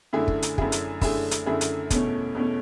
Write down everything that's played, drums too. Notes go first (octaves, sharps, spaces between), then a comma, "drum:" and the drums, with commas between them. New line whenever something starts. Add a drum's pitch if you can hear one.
F#2 D3 A3 E4 G#4
drum: kick
drum: hi-hat
F#2 D3 A3 E4 G#4, drum: kick
drum: hi-hat
F#2 D3 A3 E4 G#4, drum: kick, open hi-hat
drum: hi-hat
F#2 D3 A3 E4 G#4
drum: hi-hat
E2 B2 A3 C#4, drum: kick, hi-hat
E2 B2 A3 C#4